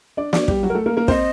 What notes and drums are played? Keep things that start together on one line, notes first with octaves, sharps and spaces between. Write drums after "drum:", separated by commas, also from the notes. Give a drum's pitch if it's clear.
D4 D5
D4 D5, drum: snare
G3 G4, drum: kick
F#3 F#4
A#4
A3 A4
A#3 A#4
A#3 A#4
C4 C5 D#5, drum: kick